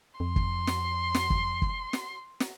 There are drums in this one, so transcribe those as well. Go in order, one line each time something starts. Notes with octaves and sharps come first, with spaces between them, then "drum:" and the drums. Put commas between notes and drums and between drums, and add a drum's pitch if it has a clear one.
F2 C6
drum: kick
drum: snare
drum: snare
drum: kick
drum: kick
drum: snare
drum: snare